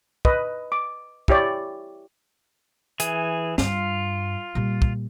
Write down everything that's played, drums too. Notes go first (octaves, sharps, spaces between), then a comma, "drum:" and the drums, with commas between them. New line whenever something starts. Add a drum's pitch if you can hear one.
B4 D#5, drum: kick
D6
E4 G4 C#5 D5, drum: kick
E3 G#4, drum: hi-hat
G2 F4, drum: snare
A#2 G3
drum: kick